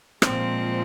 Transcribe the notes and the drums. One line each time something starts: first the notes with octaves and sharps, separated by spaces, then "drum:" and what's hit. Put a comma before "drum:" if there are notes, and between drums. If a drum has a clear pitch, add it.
A#2 F3 G#3 C4, drum: rim click